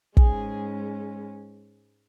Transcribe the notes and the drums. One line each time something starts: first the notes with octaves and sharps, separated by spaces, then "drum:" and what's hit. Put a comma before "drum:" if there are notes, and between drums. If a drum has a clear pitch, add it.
G#2 G#3 C#4 G#4, drum: kick